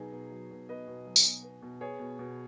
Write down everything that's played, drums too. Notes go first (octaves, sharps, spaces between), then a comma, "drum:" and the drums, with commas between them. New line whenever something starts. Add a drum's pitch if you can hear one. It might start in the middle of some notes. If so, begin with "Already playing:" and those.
Already playing: B2 F#3 B3 D#4 G#4
B2
F#3
B2
B3 B4 D#5
B2
F#3
drum: tambourine
B2
B3
B2
B3 G#4 C#5
B2
B2